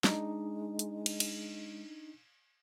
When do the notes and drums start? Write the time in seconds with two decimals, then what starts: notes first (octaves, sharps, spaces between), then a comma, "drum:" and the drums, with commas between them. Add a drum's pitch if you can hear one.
0.04 G#3 D4 D#4, drum: snare
0.79 drum: hi-hat
1.06 drum: cymbal
1.20 drum: cymbal